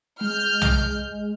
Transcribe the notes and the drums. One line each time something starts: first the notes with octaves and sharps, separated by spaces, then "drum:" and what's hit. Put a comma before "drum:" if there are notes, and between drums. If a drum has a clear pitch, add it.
G#3 F6 G6
drum: tom B1